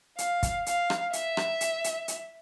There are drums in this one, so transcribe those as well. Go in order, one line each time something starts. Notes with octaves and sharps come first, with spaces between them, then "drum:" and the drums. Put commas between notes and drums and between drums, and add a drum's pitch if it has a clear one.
F5, drum: hi-hat
drum: kick, hi-hat
F5, drum: hi-hat
drum: rim click
E5, drum: hi-hat
drum: rim click
drum: hi-hat
drum: hi-hat
drum: hi-hat